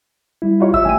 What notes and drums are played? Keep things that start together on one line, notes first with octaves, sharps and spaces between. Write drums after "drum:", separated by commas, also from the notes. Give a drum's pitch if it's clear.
G3 E4
F4 G4 C#5
E5 E6, drum: kick G#1
A1 G5 G#5 D#7